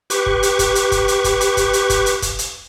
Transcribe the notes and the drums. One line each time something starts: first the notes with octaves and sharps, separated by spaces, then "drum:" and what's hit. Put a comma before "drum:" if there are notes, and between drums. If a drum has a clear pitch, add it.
G4 B4 C#6, drum: hi-hat
drum: kick
drum: hi-hat
drum: kick, hi-hat
drum: hi-hat
drum: kick, hi-hat
drum: hi-hat
drum: kick, hi-hat
drum: hi-hat
drum: kick, hi-hat
drum: hi-hat
drum: kick, hi-hat
drum: hi-hat
drum: kick, hi-hat
drum: hi-hat